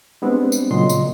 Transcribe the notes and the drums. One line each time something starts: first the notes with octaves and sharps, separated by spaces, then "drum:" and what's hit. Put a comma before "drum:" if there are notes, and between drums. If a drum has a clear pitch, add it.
G3 G#3 B3 C4 D4
drum: tambourine
A#2 C#3 F#3 D#5 C6
drum: tambourine